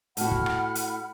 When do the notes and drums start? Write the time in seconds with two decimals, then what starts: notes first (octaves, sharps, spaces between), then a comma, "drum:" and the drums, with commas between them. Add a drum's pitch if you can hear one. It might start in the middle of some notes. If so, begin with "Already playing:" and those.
0.17 A2 F#4 F#5 B5 F6, drum: hi-hat
0.31 drum: kick
0.46 drum: rim click
0.75 drum: hi-hat